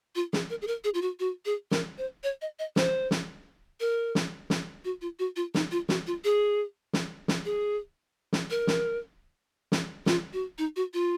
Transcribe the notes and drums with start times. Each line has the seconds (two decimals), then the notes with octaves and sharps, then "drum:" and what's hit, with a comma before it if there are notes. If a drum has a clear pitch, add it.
0.15 F4
0.33 G#4, drum: snare
0.50 A#4
0.62 G#4
0.67 A#4
0.84 G#4
0.94 F4
1.02 F#4
1.20 F#4
1.45 G#4
1.71 A#4, drum: snare
1.98 C5
2.23 C#5
2.42 D#5
2.59 D#5
2.76 C5, drum: snare
3.11 drum: snare
3.80 A#4
4.15 drum: snare
4.50 drum: snare
4.85 F#4
5.01 F4
5.19 F#4
5.36 F4
5.54 D#4, drum: snare
5.71 F4
5.89 F#4, drum: snare
6.07 F4
6.24 G#4
6.93 drum: snare
7.28 drum: snare
7.45 G#4
8.33 drum: snare
8.50 A#4
8.67 drum: snare
9.72 drum: snare
10.06 F4, drum: snare
10.33 F#4
10.58 D#4
10.76 F#4
10.94 F4